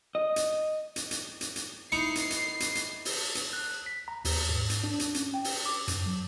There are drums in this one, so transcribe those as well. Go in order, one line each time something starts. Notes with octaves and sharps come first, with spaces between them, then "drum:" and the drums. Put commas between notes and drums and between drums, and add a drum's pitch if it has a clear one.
D#5
drum: hi-hat
drum: hi-hat
drum: hi-hat
drum: hi-hat
drum: hi-hat
D#4 E4 A#5 C7 C#7
drum: hi-hat
drum: hi-hat
drum: hi-hat
drum: hi-hat
drum: open hi-hat
drum: hi-hat
F#6
B6
A#5
D#2, drum: open hi-hat
G#2
drum: hi-hat
D4
drum: hi-hat
C#4, drum: hi-hat
G5
drum: open hi-hat
D6
F#2, drum: hi-hat
F#3